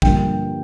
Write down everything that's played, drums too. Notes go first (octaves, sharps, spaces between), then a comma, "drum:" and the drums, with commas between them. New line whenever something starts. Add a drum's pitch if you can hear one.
G2 D3 F3 A#3 G5, drum: kick